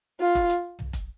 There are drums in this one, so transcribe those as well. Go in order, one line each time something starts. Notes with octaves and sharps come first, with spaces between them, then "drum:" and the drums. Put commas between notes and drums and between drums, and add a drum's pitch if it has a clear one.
F4
drum: kick F1, hi-hat
drum: hi-hat
drum: tom
drum: kick F1, hi-hat